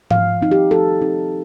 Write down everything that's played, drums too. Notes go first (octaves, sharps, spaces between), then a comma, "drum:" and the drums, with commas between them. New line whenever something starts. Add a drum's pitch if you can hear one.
F3 F5, drum: tom G#2
C4 D#4
G4
F3 A4
C4 D#4